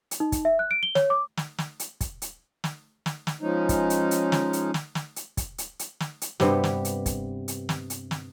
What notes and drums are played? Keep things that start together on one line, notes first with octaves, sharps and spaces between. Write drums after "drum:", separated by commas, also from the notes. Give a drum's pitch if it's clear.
drum: hi-hat
D#4
drum: kick, hi-hat
E5
F#6
D7
G7
C#5, drum: snare
D6
drum: snare
drum: snare
drum: hi-hat
drum: kick, hi-hat
drum: hi-hat
drum: snare
drum: snare
drum: snare
F3 G#3 C#4 D#4
drum: kick, hi-hat
drum: hi-hat
drum: hi-hat
drum: snare
drum: hi-hat
drum: snare
drum: snare
drum: hi-hat
drum: kick, hi-hat
drum: hi-hat
drum: hi-hat
drum: snare
drum: hi-hat
G2 C3 B3 G4, drum: snare
drum: snare
drum: hi-hat
drum: kick, hi-hat
drum: hi-hat
drum: snare
drum: hi-hat
drum: snare